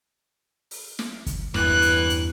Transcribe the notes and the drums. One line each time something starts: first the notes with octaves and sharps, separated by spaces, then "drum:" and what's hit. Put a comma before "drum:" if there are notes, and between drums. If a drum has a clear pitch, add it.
drum: open hi-hat
drum: snare
drum: kick, hi-hat
E2 G2 E3 F#6, drum: snare
drum: hi-hat
drum: hi-hat